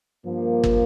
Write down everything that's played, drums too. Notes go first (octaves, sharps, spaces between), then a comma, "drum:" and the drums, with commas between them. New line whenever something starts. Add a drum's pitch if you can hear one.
G2 F3 A#3
drum: kick